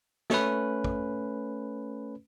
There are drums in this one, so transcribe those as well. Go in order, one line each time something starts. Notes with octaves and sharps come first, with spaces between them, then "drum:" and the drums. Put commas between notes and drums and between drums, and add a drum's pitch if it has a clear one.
A3 C#4 B4, drum: snare
drum: kick